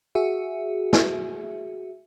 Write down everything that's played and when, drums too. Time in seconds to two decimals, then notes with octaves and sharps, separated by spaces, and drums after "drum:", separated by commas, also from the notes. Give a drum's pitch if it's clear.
0.15 F#4 G#4 E5
0.93 drum: snare